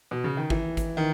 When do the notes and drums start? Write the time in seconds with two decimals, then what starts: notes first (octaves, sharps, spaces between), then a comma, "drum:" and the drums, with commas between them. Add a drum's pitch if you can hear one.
0.11 B2
0.24 C#3
0.37 D#3
0.50 E3, drum: kick G#1
0.77 drum: kick G#1, hi-hat
0.97 D#3